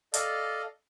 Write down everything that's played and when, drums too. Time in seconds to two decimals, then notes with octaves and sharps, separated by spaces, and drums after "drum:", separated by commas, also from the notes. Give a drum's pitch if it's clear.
0.14 A4 D5 D#5 F5, drum: hi-hat